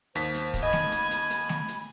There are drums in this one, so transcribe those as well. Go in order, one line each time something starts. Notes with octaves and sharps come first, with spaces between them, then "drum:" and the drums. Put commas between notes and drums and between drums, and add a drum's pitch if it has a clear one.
D#2 C5 B6, drum: hi-hat
drum: hi-hat
drum: kick, hi-hat
D#5 G#5 B5
drum: snare A3
drum: hi-hat
drum: hi-hat
drum: hi-hat
drum: snare A3
drum: hi-hat